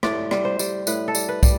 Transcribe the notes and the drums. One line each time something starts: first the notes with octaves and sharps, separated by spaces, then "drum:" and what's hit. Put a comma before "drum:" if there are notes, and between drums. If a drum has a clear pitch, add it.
A2 D5, drum: rim click
G3, drum: rim click
C5
G3, drum: tambourine
A2 B4, drum: tambourine
A4
G3, drum: tambourine
B4
G3, drum: kick, tambourine